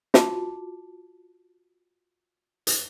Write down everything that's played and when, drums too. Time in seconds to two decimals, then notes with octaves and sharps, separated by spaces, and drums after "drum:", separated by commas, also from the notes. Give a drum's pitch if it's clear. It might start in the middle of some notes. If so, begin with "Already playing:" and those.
0.14 F4 F#4 A5 D6, drum: snare
2.67 drum: hi-hat